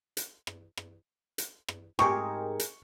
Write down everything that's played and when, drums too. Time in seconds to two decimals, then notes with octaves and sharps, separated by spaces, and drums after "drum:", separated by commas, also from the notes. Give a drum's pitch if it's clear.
0.17 drum: hi-hat
0.47 drum: rim click
0.77 drum: rim click
1.38 drum: hi-hat
1.68 drum: rim click
1.99 G#2 C4 G4 G#4 A#4 D#5 C#6, drum: rim click
2.60 drum: hi-hat